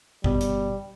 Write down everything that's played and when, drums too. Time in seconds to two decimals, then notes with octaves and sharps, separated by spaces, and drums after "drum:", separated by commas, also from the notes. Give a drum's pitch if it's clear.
0.24 G1 B2 G3, drum: kick
0.41 drum: hi-hat